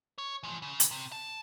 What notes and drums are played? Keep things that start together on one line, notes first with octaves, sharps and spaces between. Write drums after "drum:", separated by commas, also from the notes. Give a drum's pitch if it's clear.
C#5
E3 F3
C#3
drum: hi-hat
C3
A5